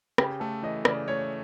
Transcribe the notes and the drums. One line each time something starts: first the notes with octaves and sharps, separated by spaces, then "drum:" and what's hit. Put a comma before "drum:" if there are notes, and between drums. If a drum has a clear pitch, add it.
C#3 G4, drum: rim click
A3 A4
E3 D#5
C#3 D5, drum: rim click
A3 C#5